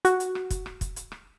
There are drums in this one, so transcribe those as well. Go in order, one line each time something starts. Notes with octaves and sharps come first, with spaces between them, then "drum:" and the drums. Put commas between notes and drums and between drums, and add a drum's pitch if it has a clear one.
F#4, drum: hi-hat
drum: hi-hat
drum: rim click
drum: kick, hi-hat
drum: rim click
drum: kick, hi-hat
drum: hi-hat
drum: rim click